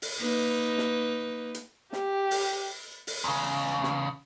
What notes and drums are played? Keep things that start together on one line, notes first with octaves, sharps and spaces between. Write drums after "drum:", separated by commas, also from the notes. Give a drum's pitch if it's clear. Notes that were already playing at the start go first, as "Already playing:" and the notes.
drum: open hi-hat
A#3 D#4 B4
drum: snare
drum: hi-hat
G4, drum: snare
drum: open hi-hat
drum: open hi-hat
E2 C#3
drum: snare